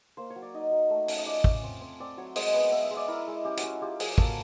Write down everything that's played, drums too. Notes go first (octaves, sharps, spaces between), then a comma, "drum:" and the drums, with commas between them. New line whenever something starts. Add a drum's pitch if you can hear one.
A#3 C5
C#5
F#3
D5
D#4 D#5
F#3
A3
C#4, drum: open hi-hat
D#5
F4 D5
C#4, drum: kick
C4
C4
C4 D5
F#3 C#5
G#3 D#5, drum: open hi-hat
B3
B3 E5
E5
G#3
D5
E4 A#4
G#3
C#4 G4
F#4, drum: hi-hat
C#4
F4 G4
F#3 G#4, drum: open hi-hat
A#3 A4, drum: kick